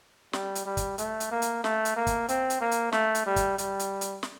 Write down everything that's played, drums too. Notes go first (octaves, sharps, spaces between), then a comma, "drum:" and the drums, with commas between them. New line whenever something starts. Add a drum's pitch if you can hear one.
G3, drum: snare
drum: hi-hat
G3
drum: kick, hi-hat
A3, drum: hi-hat
drum: hi-hat
A#3
drum: hi-hat
A3, drum: snare
drum: hi-hat
A#3
drum: kick, hi-hat
C4, drum: hi-hat
drum: hi-hat
A#3
drum: hi-hat
A3, drum: snare
drum: hi-hat
G3
drum: kick, hi-hat
G3, drum: hi-hat
drum: hi-hat
drum: hi-hat
drum: snare